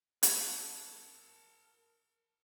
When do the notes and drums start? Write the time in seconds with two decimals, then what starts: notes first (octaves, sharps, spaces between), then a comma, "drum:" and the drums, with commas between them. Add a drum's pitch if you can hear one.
0.23 A#4 A5, drum: hi-hat